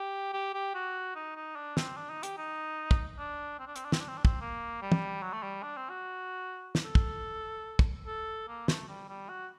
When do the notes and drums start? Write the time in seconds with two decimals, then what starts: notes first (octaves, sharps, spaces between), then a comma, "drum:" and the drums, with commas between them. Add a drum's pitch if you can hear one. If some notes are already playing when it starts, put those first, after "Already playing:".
Already playing: G4
0.33 G4
0.54 G4
0.75 F#4
1.16 D#4
1.36 D#4
1.56 D4
1.77 C4, drum: snare
1.96 D4
2.10 D#4
2.23 G4, drum: hi-hat
2.38 D#4
2.91 drum: kick
3.18 D4
3.60 C4
3.67 D4
3.76 C4, drum: hi-hat
3.85 D4
3.92 C4, drum: snare
4.00 D4
4.08 C4
4.17 D4
4.25 C4, drum: kick
4.41 A#3
4.82 G3
4.92 drum: tom
5.22 F#3
5.33 A3
5.43 G3
5.63 D4
5.77 C4
5.90 F#4
6.75 drum: snare
6.85 A4
6.95 drum: kick
7.79 drum: kick
8.07 A4
8.48 A#3
8.68 A3, drum: snare
8.88 G3
9.09 G3
9.29 F#4